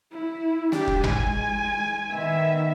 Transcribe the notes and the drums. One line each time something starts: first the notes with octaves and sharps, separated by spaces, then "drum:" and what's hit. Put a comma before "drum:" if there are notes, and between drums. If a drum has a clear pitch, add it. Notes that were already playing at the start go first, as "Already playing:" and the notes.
E4
D4 G4, drum: snare
drum: kick
G#3 G#5, drum: tom G#1
D#3 B3 E5